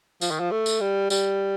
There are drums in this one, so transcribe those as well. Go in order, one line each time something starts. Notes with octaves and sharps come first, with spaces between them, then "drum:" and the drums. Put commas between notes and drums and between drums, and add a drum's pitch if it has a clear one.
F3, drum: tambourine
D#3
F3
A3
drum: tambourine
G3
G3, drum: tambourine